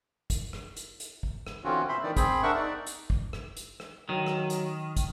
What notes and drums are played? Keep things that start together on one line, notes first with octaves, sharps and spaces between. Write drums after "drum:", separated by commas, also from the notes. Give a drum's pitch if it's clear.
drum: kick, hi-hat
drum: rim click
drum: hi-hat
drum: hi-hat
drum: kick
drum: rim click
D3 E3 C4 C#4 F4 F#4
A#2 C5 E5 B5 C6
D#3 E3 D#4 D5
C4 G#4 C5 B5, drum: kick, hi-hat
D4 A#4 E5 F#5 C#6
D#4 D5
drum: hi-hat
drum: kick
drum: rim click
drum: hi-hat
drum: rim click
D#3 F#3
drum: rim click
drum: hi-hat
drum: kick, hi-hat